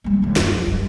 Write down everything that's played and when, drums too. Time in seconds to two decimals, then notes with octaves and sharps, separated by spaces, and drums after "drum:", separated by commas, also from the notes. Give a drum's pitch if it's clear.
0.04 G3 A#3
0.22 D#2 D3
0.36 G2, drum: snare
0.52 F3
0.67 G2